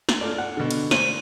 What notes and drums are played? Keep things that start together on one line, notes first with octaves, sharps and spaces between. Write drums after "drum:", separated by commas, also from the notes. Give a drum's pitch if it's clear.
drum: snare
F4 A4 D5
F#5
B2 D3
drum: cymbal
C5 D5 D#7, drum: snare